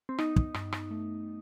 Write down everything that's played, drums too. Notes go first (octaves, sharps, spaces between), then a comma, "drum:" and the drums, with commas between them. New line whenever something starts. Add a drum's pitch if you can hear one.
C4
B3 D#4, drum: rim click
drum: kick
G2, drum: rim click
drum: rim click
A3